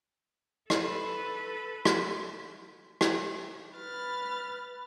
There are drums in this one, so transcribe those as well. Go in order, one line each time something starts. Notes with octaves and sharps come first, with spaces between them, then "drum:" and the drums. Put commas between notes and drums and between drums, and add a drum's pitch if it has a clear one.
A4 B4, drum: rim click
drum: rim click
drum: rim click
B4 B5 F6 A6